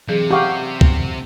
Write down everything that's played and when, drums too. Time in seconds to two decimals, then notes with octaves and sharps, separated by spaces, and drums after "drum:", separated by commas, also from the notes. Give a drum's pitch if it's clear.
0.09 C3 E3 F#3 G#4
0.31 G4 F5 F#5 C#6
0.81 drum: kick